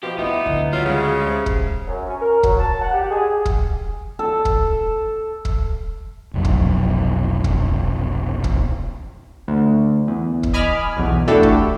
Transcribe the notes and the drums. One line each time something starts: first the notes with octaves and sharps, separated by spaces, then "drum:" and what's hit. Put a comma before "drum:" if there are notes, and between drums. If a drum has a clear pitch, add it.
B2 F3 G4
E2 B3 D#4 E4
D2 D3
F#3 G3 F4
C#3 G#3
C3
drum: kick
F#2
C#4
A#4
F#3, drum: kick
A5
F#5
G4
G#4
drum: kick
A4
drum: kick
drum: kick
F1 B1 F#3
drum: kick
drum: kick
drum: kick
D2
E2
drum: kick
D#5 G#5 B5 D6 F6
B1 E2
A3 D4 E4 F#4 G4 A4
drum: kick